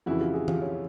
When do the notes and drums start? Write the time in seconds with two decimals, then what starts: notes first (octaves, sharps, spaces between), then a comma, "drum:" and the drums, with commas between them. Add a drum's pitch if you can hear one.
0.06 F2 C#3 E3 E4 F#4
0.20 F4 G4
0.34 F#4 G#4
0.48 F4 G4, drum: tom E3
0.62 C#4